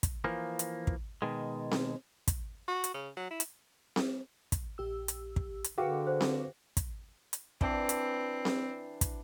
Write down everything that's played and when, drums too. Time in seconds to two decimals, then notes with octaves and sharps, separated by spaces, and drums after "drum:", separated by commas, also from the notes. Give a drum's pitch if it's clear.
0.03 drum: kick, hi-hat
0.24 E3 F3 A#3
0.59 drum: hi-hat
0.87 drum: kick
1.22 B2 D#3 G#3
1.71 drum: snare C4
2.28 drum: kick, hi-hat
2.68 F#4
2.84 drum: hi-hat
2.94 C#3
3.16 F#3
3.31 E4
3.40 drum: hi-hat
3.96 drum: snare C4
4.52 drum: kick, hi-hat
4.78 A#1 G4 E6
5.08 drum: hi-hat
5.36 drum: kick
5.64 drum: hi-hat
5.78 D3 F#4 G#4 A#4 B4 F5 G5 D6
6.07 C5
6.21 drum: snare C4
6.77 drum: kick, hi-hat
7.33 drum: hi-hat
7.61 E3 C4 D4, drum: kick
7.89 drum: hi-hat
8.45 drum: snare C4
9.01 drum: kick, hi-hat